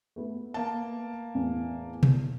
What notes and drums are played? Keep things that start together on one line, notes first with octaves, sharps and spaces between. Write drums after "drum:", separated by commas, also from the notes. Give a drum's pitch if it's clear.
A3 B3
A#3 A5
E2 A2
drum: tom B2